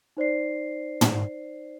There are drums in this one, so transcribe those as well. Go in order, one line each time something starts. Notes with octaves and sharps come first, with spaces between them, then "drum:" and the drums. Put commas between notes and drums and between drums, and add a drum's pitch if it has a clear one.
D#4 C5 D5 C7
drum: tom